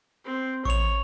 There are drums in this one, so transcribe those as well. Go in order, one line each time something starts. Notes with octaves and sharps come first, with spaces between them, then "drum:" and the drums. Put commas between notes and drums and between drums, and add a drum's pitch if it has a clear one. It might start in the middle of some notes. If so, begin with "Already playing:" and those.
C4
C#5 C#6 F7, drum: kick A1